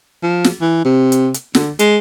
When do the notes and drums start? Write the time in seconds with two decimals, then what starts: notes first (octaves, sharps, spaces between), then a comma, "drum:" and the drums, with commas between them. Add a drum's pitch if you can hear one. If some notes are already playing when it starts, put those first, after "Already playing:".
0.23 F3
0.44 drum: snare
0.61 E3
0.85 C3
1.12 drum: hi-hat
1.34 drum: hi-hat
1.55 D3, drum: snare
1.79 G#3, drum: hi-hat